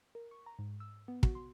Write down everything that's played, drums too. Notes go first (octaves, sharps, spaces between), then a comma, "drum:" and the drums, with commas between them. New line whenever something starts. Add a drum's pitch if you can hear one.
A#4
C#6
A#5
G#2
E6
B3
F#4, drum: kick
C6